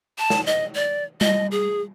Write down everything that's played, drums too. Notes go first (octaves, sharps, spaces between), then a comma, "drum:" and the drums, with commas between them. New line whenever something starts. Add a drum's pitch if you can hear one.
A5
drum: snare
D#5
D5
D#5, drum: tom G3
G#4